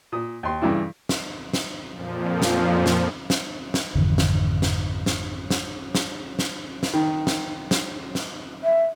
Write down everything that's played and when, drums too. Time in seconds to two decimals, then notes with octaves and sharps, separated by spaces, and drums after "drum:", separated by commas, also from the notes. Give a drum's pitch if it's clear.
0.12 A#2 D#6
0.43 D#2 C6
0.62 G2 C#3 E3 D4 E4
1.09 drum: snare
1.53 drum: snare
1.92 F2 A#2 F3
2.42 drum: snare
2.86 drum: snare
3.30 drum: snare
3.74 drum: snare
3.95 G#1 F2 D3 E3
4.18 drum: snare
4.62 drum: snare
5.06 drum: snare
5.50 drum: snare
5.95 drum: snare
6.39 drum: snare
6.83 drum: snare
6.94 D#3
7.27 drum: snare
7.71 drum: snare
8.15 drum: snare
8.64 E5